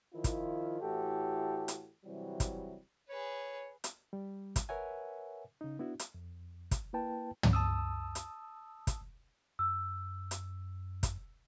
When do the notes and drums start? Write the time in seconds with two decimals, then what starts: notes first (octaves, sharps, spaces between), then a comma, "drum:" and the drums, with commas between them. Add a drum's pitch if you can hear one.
0.14 D#3 F3 E4 F4
0.24 drum: kick, hi-hat
0.81 A2 E3 F#4 G4 A4
1.68 drum: hi-hat
2.04 C3 E3 F#3 G3
2.40 drum: kick, hi-hat
3.09 G#4 B4 C#5
3.84 drum: hi-hat
4.13 G3
4.56 drum: kick, hi-hat
4.69 A#4 B4 C#5 E5 F#5 G#5
5.61 C#3 D#4
5.79 B3 D4 E4 F#4
5.99 drum: hi-hat
6.15 F2
6.71 drum: kick, hi-hat
6.93 A#3 E4 B4 G5 A5
7.43 drum: tom
7.53 A5 D#6 E6
8.15 drum: hi-hat
8.87 drum: kick, hi-hat
9.59 F#2 E6
10.31 drum: hi-hat
11.03 drum: kick, hi-hat